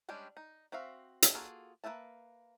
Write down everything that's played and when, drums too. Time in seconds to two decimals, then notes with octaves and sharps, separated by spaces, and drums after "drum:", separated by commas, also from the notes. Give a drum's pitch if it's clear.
0.09 G3 G#3 C#4 D4 G4
0.37 D#4
0.72 C4 F#4 E5 F5
1.22 drum: hi-hat
1.35 A#3 F4 F#4 G#4 A4
1.84 A#3 E4 B4 E5 A5